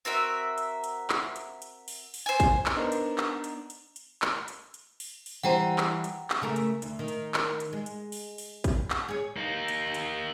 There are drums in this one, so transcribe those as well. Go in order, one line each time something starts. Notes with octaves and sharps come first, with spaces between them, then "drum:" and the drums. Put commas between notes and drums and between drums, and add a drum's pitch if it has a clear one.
C4 F#4 A#4 E5
drum: hi-hat
drum: hi-hat
drum: clap
drum: hi-hat
drum: hi-hat
drum: open hi-hat
drum: open hi-hat
C5 G#5
drum: kick, hi-hat
drum: clap
B3 D4 D#4 A#4 C5
drum: hi-hat
drum: clap
drum: hi-hat
drum: hi-hat
drum: hi-hat
drum: clap
drum: hi-hat
drum: hi-hat
drum: open hi-hat
drum: open hi-hat
E3 G3 C5 F#5 G5 A#5
drum: clap
drum: hi-hat
drum: clap
C#3 A3 A#4
drum: hi-hat
D2, drum: hi-hat
D#3
drum: hi-hat
drum: clap
drum: hi-hat
G#3
drum: hi-hat
drum: open hi-hat
drum: open hi-hat
drum: kick, hi-hat
drum: clap
G#4 C#5
A#3 D#4
drum: hi-hat
drum: hi-hat